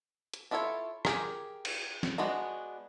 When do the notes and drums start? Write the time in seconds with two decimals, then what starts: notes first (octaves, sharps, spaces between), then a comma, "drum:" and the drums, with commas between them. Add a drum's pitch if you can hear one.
0.34 drum: hi-hat
0.51 D4 E4 F4 A4 C#5
1.05 G4 G#4 A#4, drum: rim click
1.65 drum: cymbal
2.03 drum: snare
2.18 G#3 B3 D4 F#4